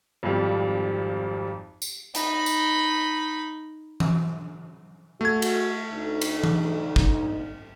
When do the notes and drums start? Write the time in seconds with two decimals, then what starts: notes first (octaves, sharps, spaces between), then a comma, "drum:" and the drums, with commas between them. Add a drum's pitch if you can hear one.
0.23 G#1 F2 F3 G3
1.82 drum: tambourine
2.15 D#4 B5, drum: hi-hat
2.46 drum: tambourine
4.00 drum: tom E3
5.21 A3 F#4 G#4 G#6
5.42 drum: cymbal
5.92 D2 D#4
6.21 drum: cymbal
6.44 drum: tom E3
6.96 drum: kick